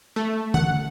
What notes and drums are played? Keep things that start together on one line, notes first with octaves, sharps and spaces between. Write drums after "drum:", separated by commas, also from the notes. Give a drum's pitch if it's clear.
A3
F#5, drum: tom D3